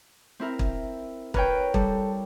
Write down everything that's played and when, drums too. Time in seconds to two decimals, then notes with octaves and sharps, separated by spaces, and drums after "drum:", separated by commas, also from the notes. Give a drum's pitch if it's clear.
0.40 C4 E4 A#4
0.59 drum: kick
1.34 A#4 B4 C#5 G5, drum: kick
1.74 G3 A4, drum: kick